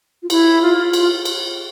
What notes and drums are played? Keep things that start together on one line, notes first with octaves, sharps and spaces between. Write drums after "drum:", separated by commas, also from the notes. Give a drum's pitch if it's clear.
F4
E4, drum: cymbal
F4
F4
F4, drum: cymbal
drum: cymbal